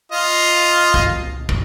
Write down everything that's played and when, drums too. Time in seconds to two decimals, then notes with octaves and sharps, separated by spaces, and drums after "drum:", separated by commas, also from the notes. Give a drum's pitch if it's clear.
0.12 F4 D#5
0.94 drum: kick
1.49 drum: kick